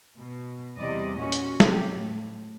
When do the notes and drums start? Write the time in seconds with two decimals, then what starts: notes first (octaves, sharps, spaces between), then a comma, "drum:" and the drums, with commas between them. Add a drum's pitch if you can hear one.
0.17 B2
0.78 E2 C3 G3 D5 D#5
1.18 A#2 C#4 F#4
1.32 drum: hi-hat
1.60 C3 F#3 G4, drum: snare
1.93 A2